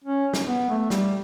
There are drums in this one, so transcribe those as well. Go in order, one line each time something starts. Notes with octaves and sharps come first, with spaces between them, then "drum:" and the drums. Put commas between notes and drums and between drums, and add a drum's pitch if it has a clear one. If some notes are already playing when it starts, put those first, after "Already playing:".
C#4
drum: snare
B3
A3
G3, drum: snare